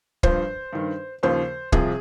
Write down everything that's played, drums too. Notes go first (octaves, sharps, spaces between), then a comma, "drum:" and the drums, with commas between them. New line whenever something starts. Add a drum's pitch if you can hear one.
G2 F3 C5, drum: kick
G2 D#3
D#2 C#3 F3 C5
C2 C3 F3 G#4, drum: kick